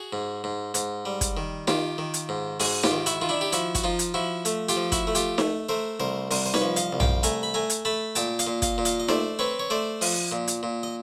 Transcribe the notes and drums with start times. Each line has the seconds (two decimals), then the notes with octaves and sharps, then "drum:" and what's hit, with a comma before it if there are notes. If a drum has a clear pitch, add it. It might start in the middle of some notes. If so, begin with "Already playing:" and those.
Already playing: F#4 G#4
0.13 G#2
0.44 G#2
0.74 G#2, drum: hi-hat
1.05 G3
1.21 drum: kick, hi-hat
1.37 D#3
1.67 D#3 F4 G4, drum: snare D#4
1.98 D#3
2.14 drum: hi-hat
2.29 G#2
2.60 G#2 F#4 G#4, drum: open hi-hat
2.83 F4 G4, drum: snare D#4
2.91 D#3
3.06 E4 F#4, drum: hi-hat
3.21 D#3 F4
3.29 D4 E4
3.41 G4
3.52 F3 E4 F#4, drum: hi-hat
3.75 F#4, drum: kick, hi-hat
3.84 F3 D#4 F4
3.99 drum: hi-hat
4.14 F3 E4 F#4
4.45 A3, drum: hi-hat
4.69 F4 G4, drum: hi-hat
4.76 F3
4.92 E4 F#4, drum: kick, hi-hat
5.07 A3
5.15 F4 G4, drum: hi-hat
5.38 A3, drum: snare D#4
5.69 A3 A#4 C5
6.00 C2 A#4 C5
6.31 C2 A#4 C5, drum: open hi-hat
6.46 C5
6.54 B4 C#5, drum: snare D#4
6.61 F3
6.76 D#5 F5, drum: hi-hat
6.93 C2
7.00 F5 G5, drum: tom
7.23 A3 G#5 A#5, drum: hi-hat
7.43 B5
7.54 A3 G#5 A#5
7.70 drum: hi-hat
7.85 A3 A5 B5
8.15 A#2 G5 A5, drum: hi-hat
8.39 D#5 F5, drum: hi-hat
8.47 A#2
8.62 D#5 F5, drum: kick, hi-hat
8.78 A#2
8.85 D#5 F5, drum: hi-hat
9.00 D#5
9.08 A3 C5 D5, drum: snare D#4
9.39 C4 B4 C#5
9.59 C#5
9.70 A3 C5 D5
10.01 F3, drum: open hi-hat
10.32 A#2
10.48 drum: hi-hat
10.63 A#2
10.83 D#5